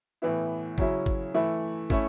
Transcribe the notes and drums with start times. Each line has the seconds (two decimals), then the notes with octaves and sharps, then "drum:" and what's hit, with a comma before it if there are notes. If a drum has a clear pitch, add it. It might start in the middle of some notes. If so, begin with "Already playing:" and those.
0.22 A2 E3 B3 E4
0.78 C#3 F#3 C#4 E4, drum: kick
1.06 drum: kick
1.34 E3 A3 E4
1.90 A3 C#4 E4, drum: kick